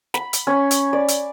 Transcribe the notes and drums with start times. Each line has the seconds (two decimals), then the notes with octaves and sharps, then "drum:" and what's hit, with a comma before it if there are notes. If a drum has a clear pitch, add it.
0.14 B5, drum: snare
0.33 drum: hi-hat
0.47 C#4
0.71 drum: hi-hat
0.93 D5
1.08 drum: hi-hat